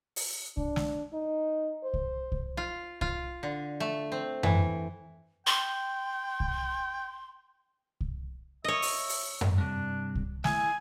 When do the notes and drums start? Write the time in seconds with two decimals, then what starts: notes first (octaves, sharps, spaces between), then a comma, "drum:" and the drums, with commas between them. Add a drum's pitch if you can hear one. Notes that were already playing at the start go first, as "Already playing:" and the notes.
0.16 drum: open hi-hat
0.57 D4, drum: kick C2
0.76 drum: snare
1.13 D#4
1.84 C5
1.94 drum: kick C2
2.32 drum: kick C2
2.57 F4
3.01 F4, drum: kick C2
3.43 D3
3.80 A3
4.12 C4
4.43 E3, drum: tom F#2
5.47 G5 C6
6.40 drum: kick C2
8.01 drum: kick C2
8.64 C#5 D#5 E5
8.82 drum: open hi-hat
9.09 drum: open hi-hat
9.41 drum: tom F#2
9.58 G2 C3 D4
10.15 drum: kick C2
10.44 E4 G#4 E5 G#5, drum: snare